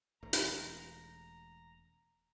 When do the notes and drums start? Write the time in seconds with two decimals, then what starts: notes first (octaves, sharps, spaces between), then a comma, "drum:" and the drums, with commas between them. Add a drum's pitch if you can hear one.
0.23 E1 A3 A#5
0.33 drum: hi-hat